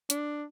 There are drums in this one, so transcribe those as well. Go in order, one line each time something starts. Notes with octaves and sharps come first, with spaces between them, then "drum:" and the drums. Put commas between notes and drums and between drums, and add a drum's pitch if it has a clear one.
D4, drum: hi-hat